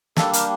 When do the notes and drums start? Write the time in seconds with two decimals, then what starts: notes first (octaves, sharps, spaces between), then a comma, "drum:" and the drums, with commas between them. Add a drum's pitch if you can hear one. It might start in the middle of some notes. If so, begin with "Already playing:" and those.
0.17 G3 A#3 D4 A4, drum: snare
0.33 G4 A#4, drum: hi-hat